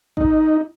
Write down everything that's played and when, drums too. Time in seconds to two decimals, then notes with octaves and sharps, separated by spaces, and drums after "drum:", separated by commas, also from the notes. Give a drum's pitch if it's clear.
0.17 D#4, drum: kick G#1